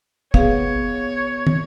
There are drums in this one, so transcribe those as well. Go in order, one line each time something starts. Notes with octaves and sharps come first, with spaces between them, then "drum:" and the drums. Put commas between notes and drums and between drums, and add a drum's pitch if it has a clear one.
B3 G#4 C#5 F5, drum: kick
drum: tom